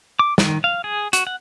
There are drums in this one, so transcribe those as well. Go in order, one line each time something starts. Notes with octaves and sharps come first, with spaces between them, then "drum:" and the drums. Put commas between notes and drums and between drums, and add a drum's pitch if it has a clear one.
D6
D#3, drum: snare
F5
G#4
F#4, drum: hi-hat
F#5